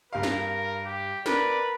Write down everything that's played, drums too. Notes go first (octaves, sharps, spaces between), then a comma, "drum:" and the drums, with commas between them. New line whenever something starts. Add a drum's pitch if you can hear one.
G2 A#4 F5
drum: snare
G4
A#4 B4 D5, drum: snare